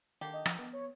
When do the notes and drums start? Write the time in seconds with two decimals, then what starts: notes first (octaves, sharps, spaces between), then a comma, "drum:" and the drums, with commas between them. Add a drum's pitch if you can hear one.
0.21 D3 D#3 A#3 G4
0.33 D#5
0.46 F3, drum: rim click
0.59 B3
0.73 C#5